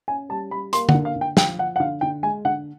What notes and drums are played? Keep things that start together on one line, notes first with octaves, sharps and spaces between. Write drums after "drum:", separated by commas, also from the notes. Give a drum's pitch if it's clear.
C#4 G#5
G3 A5
G3 B5
A#3 C6, drum: hi-hat
F#5, drum: tom
D3
F5
D3
G5
F3 G5, drum: snare
F3 F#5
F#5
D3 F5
D3 G5
G#3 G#5
D3 F#5